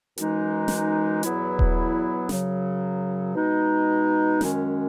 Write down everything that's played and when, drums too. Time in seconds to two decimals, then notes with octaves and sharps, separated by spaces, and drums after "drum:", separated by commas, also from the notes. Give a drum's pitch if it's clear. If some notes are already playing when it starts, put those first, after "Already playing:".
0.18 F#2 E3 G#3 D#4, drum: hi-hat
0.68 drum: snare
1.23 E2 B2 F#3 B3 E4, drum: hi-hat
1.59 drum: kick D#1
2.29 F#2 C#3 F#3, drum: snare
3.35 B2 G#3 D#4
4.41 F#2 D#3 G#3 C#4, drum: snare